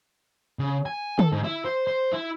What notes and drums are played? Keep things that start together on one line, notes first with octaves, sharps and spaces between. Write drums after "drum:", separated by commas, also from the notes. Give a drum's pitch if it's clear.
C#3
G#5
A4, drum: tom
G#2
E4
C5
C5
E4